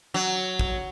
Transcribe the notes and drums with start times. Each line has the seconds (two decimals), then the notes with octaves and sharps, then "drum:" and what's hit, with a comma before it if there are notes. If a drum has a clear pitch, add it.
0.14 F#3
0.59 drum: kick